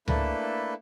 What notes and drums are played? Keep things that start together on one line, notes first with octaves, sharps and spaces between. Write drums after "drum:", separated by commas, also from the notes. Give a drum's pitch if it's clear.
A3 A#3 D4 E4 A4 B4, drum: tom C#2